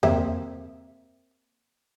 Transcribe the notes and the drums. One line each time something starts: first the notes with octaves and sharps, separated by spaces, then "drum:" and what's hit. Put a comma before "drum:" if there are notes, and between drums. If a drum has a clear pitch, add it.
A#3 C4 E5, drum: tom E2